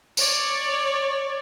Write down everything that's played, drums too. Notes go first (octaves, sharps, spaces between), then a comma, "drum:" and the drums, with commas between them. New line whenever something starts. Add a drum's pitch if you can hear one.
C#5 D5, drum: tambourine